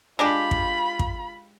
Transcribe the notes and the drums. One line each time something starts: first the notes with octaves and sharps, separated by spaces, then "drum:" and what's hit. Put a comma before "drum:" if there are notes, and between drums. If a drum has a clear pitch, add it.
G#3 D4 F4 G4 B5
drum: kick
drum: kick